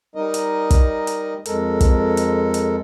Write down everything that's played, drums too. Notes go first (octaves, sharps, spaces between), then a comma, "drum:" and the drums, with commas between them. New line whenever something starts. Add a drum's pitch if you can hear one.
G3 D#4 A#4 D#5
drum: hi-hat
drum: kick, hi-hat
drum: hi-hat
F2 G#3 A4 A#4, drum: hi-hat
drum: kick, hi-hat
drum: hi-hat
drum: hi-hat